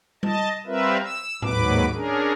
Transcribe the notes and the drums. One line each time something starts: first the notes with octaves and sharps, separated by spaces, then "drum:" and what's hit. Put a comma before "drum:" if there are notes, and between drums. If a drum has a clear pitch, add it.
D#5 A5, drum: tom G3
G3 C4 F4 A#4 B4 E5
E6
D#2 G#2 F#3 B4 D6, drum: tom A2
C#4 D4 G#4 A#4